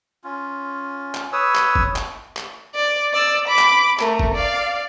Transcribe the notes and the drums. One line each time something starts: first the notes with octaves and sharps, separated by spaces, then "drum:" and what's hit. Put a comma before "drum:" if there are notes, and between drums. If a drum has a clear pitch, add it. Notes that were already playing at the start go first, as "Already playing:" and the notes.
C#4 F4
drum: clap
B4 C#5 D#6 E6
drum: clap
drum: kick
drum: clap
drum: clap
D5
D5 E6
B5 D6
drum: clap
A3 A#4, drum: clap
drum: kick
D5 F5